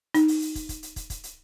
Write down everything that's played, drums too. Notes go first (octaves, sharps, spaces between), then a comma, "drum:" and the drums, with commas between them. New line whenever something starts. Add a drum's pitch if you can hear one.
D#4, drum: hi-hat
drum: open hi-hat
drum: hi-hat
drum: kick, hi-hat
drum: kick, hi-hat
drum: hi-hat
drum: kick, hi-hat
drum: kick, hi-hat
drum: hi-hat